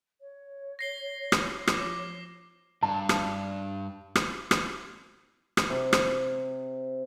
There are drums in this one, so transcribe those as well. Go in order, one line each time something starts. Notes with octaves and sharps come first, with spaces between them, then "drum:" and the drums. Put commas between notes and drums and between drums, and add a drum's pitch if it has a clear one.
C#5
A#6 C7 G7
drum: rim click
F3 D6, drum: rim click
G2 A5
drum: rim click
drum: rim click
drum: rim click
drum: rim click
C3
drum: rim click